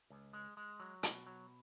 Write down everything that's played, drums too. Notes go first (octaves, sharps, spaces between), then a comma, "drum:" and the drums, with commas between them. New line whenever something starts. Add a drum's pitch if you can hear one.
C#2
G#3
G#3
F#3
B2, drum: hi-hat
F#3